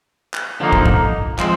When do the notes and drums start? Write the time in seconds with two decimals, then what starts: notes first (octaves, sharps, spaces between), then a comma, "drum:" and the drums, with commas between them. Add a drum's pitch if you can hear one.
0.34 drum: clap
0.60 D3 F3 A#3 D#4
0.73 drum: kick
0.86 drum: kick
1.39 F3 G#3 C4, drum: clap